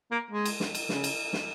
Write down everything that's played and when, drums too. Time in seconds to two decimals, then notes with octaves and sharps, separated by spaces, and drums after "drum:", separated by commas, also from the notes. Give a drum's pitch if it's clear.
0.11 A#3
0.31 G#3
0.45 drum: cymbal
0.60 drum: snare
0.75 drum: cymbal
0.89 C#3, drum: snare
1.04 drum: cymbal
1.33 drum: snare